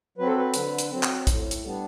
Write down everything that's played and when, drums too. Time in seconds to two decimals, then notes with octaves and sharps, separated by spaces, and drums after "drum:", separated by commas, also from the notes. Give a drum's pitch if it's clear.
0.18 F#3 C4 B4
0.27 A4
0.36 B4
0.54 D3, drum: hi-hat
0.78 drum: hi-hat
0.90 F#3 C4
1.03 drum: clap
1.27 A2, drum: kick, hi-hat
1.51 drum: hi-hat
1.63 G3 B3 D4